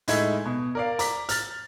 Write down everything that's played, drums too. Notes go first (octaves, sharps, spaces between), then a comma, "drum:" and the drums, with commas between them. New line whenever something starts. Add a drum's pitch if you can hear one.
A2 G#3 D#4 E4 G#6, drum: hi-hat
B2
A#4 D5 F5
A#5 D6 B6, drum: hi-hat
F6 A6, drum: hi-hat